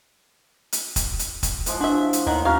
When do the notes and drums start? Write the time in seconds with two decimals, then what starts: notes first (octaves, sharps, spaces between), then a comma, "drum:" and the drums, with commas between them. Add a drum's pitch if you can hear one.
0.72 drum: hi-hat
0.96 drum: kick, hi-hat
1.19 drum: hi-hat
1.43 drum: kick, hi-hat
1.66 A2 F3 G#3, drum: hi-hat
1.81 D4 F#4 E5
2.13 drum: hi-hat
2.26 D#2 D#3 D#4 F#5
2.45 C#4 F#4 F5 A#5